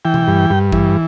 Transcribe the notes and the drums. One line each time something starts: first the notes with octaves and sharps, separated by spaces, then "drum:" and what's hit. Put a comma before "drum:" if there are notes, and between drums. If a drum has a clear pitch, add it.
E3 G5
drum: tom B2
G2
G2
E3, drum: kick G#1